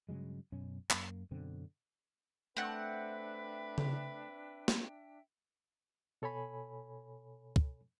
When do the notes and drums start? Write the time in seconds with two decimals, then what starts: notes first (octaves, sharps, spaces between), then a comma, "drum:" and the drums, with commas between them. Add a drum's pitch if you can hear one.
0.09 G2 C#3 F#3 G#3
0.52 F#2 B2 C#4
0.90 F#2 A#3, drum: clap
1.31 F#2 B2 D3 C4
2.57 A3 C4 D4 B4 E5 F#5 G5
3.78 drum: tom C#3
4.68 drum: snare
6.22 B2 A4 C#5 G#5 B5
7.56 drum: kick